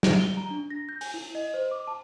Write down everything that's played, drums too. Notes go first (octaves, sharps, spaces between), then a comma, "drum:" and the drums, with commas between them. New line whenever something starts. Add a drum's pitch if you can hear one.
D7, drum: snare
G7
A#5
D4
A#6
G6
G#5, drum: open hi-hat
E4
D#5
C5
D6
A5